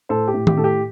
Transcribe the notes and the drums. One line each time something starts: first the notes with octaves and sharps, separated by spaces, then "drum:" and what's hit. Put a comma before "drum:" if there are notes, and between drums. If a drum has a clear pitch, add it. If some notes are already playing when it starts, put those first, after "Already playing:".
A2 A4 C5
G4
A2
G4, drum: tom D#3
A2 A4
G4